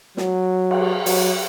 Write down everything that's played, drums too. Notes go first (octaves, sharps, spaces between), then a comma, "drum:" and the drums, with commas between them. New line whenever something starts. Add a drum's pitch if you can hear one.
F#3, drum: snare
drum: cymbal
F#3, drum: open hi-hat